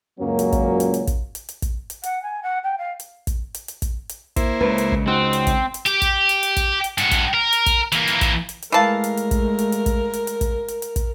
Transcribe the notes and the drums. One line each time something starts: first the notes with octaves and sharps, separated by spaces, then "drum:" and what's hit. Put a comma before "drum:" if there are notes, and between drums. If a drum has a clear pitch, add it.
C#2 F#2 A#2 F#3 A#3 C#4
drum: hi-hat
drum: kick, hi-hat
drum: hi-hat
drum: hi-hat
drum: kick, hi-hat
drum: hi-hat
drum: hi-hat
drum: kick, hi-hat
drum: hi-hat
F#5, drum: hi-hat
G#5
F#5
G5
F5
drum: hi-hat
drum: kick, hi-hat
drum: hi-hat
drum: hi-hat
drum: kick, hi-hat
drum: hi-hat
A#3 E4 C5, drum: kick, hi-hat
C#2 C#3 B4
drum: hi-hat
drum: kick
C4 D#4 F#4
drum: hi-hat
drum: kick, hi-hat
drum: hi-hat
G4, drum: hi-hat
drum: kick, hi-hat
drum: hi-hat
drum: hi-hat
drum: kick, hi-hat
drum: hi-hat
G2 F#4, drum: hi-hat
drum: kick, hi-hat
A#4
drum: hi-hat
drum: kick, hi-hat
E3 A#3, drum: hi-hat
drum: hi-hat
drum: kick, hi-hat
drum: hi-hat
drum: hi-hat
E3 G#3 A3 A#4 F5 A5 C7
drum: hi-hat
drum: hi-hat
drum: kick, hi-hat
drum: hi-hat
drum: hi-hat
drum: kick, hi-hat
drum: hi-hat
drum: hi-hat
drum: kick, hi-hat
drum: hi-hat
drum: hi-hat
drum: kick, hi-hat